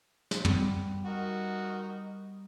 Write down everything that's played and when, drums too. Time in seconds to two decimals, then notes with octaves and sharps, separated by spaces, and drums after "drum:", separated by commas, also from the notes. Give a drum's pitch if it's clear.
0.31 drum: snare
0.45 G3 B3, drum: tom
1.05 D#4 F#4 A#4